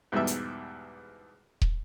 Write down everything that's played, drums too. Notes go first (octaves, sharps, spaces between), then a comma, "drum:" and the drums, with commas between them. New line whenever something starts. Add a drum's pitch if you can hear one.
E2 G#2 B2 G3 E5
drum: hi-hat
drum: kick